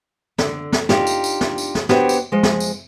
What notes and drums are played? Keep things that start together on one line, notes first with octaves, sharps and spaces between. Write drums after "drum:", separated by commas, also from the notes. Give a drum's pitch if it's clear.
D3, drum: snare
drum: snare
D4 D#4 F4 G4, drum: snare
drum: tambourine
drum: tambourine
drum: snare
drum: tambourine
drum: snare
B3 D4 F#4 G4 C5 C#5, drum: snare
drum: tambourine
F3 G#3
drum: snare
drum: tambourine